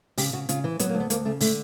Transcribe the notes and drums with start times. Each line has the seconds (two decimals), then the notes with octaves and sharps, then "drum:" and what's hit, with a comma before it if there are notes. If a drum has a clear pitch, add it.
0.18 C#3 G4, drum: open hi-hat
0.33 C#3 F#4
0.49 C#3 F4, drum: hi-hat
0.64 E3
0.79 F#3 B3, drum: hi-hat
0.89 A#3
0.94 D2
1.00 B3
1.10 D2 A#3, drum: hi-hat
1.25 C#3 A3
1.40 D3 A3, drum: open hi-hat